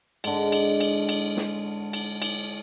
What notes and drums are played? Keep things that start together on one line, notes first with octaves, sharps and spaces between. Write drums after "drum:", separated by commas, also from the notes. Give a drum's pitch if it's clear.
G#2 D3, drum: cymbal
drum: cymbal
drum: cymbal
drum: cymbal
drum: snare
drum: cymbal
drum: cymbal